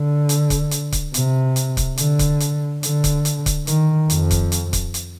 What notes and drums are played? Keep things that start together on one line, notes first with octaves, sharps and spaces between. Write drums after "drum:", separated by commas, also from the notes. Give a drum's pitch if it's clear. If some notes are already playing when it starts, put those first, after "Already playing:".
Already playing: D3
drum: hi-hat
drum: kick C#1, hi-hat
drum: hi-hat
drum: kick C#1, hi-hat
C3, drum: hi-hat
drum: hi-hat
drum: kick C#1, hi-hat
D3, drum: hi-hat
drum: kick C#1, hi-hat
drum: hi-hat
D3, drum: hi-hat
drum: kick C#1, hi-hat
drum: hi-hat
drum: kick C#1, hi-hat
D#3, drum: hi-hat
F2, drum: hi-hat
drum: kick C#1, hi-hat
drum: hi-hat
drum: kick C#1, hi-hat
drum: hi-hat